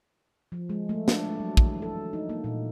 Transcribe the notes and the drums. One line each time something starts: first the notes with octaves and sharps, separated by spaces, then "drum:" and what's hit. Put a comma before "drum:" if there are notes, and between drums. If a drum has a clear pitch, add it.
F3
G#3
A3
D4, drum: snare
F#3
E3, drum: kick
A4
D#4
A#3
A#2